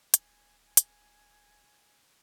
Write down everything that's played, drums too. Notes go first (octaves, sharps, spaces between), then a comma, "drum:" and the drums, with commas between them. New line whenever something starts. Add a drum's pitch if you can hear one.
D1 G#5, drum: hi-hat
G#5
drum: hi-hat